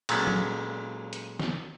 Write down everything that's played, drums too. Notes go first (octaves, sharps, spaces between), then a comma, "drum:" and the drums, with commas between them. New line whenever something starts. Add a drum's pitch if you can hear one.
A#2 F#3 G#3 A3 B3 C#4, drum: cymbal
drum: tom
drum: hi-hat
drum: snare